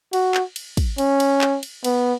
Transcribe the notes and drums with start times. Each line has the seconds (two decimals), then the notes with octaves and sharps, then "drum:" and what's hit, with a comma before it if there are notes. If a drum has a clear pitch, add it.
0.13 F#4, drum: cymbal
0.35 drum: clap
0.56 drum: cymbal
0.77 drum: kick, cymbal
0.98 C#4, drum: cymbal
1.20 drum: cymbal
1.41 drum: clap
1.63 drum: cymbal
1.84 B3, drum: cymbal